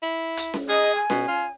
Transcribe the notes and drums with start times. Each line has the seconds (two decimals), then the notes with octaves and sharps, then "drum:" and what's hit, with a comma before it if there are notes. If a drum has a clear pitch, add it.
0.02 E4
0.37 drum: hi-hat
0.54 drum: snare C#4
0.69 G#4 D#5
0.95 G#5
1.10 B2, drum: snare C#4
1.28 F4